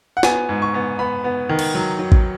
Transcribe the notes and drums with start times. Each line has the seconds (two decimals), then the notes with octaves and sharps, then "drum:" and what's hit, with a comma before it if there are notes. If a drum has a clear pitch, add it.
0.17 F#5
0.23 B3 G#5, drum: snare
0.49 G#2
0.62 C#6
0.74 B3
0.99 B3 B5
1.24 B3
1.49 D#3
1.59 drum: cymbal
1.75 F#3
1.99 F#3
2.12 drum: kick A1